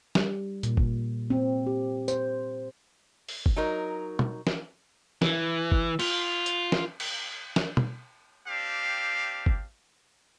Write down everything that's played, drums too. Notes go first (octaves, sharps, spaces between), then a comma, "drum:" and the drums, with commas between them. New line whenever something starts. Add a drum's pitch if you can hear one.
G3, drum: snare
A#2, drum: hi-hat
drum: kick
C4
G4
C5, drum: tambourine
drum: open hi-hat
drum: kick
F#3 D#4 A#4
drum: tom
drum: snare
E3, drum: snare
drum: kick
F4, drum: cymbal
drum: hi-hat
drum: snare
drum: cymbal
drum: snare
drum: tom
C4 D4 G4 F5
drum: kick